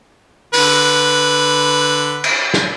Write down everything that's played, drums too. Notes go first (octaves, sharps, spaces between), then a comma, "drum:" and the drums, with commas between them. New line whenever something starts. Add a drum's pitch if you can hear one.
D3 B4, drum: open hi-hat
drum: cymbal
drum: snare